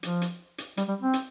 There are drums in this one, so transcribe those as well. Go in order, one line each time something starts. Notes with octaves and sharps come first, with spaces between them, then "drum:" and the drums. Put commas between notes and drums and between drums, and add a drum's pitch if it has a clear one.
F3, drum: hi-hat
drum: hi-hat
drum: hi-hat
G3, drum: hi-hat
G3
C4
drum: hi-hat